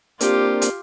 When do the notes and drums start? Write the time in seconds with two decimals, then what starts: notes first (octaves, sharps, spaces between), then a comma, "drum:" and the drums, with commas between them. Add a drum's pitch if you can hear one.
0.20 A#3 C4 D4 F4 G4, drum: hi-hat
0.62 drum: hi-hat